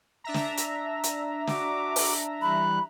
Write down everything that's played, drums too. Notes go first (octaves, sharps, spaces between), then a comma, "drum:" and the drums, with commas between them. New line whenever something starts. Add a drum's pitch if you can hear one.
D4 E5 A#5
drum: snare
drum: hi-hat
drum: hi-hat
F#4 D6, drum: snare
drum: open hi-hat
E3 G3 B5 F#6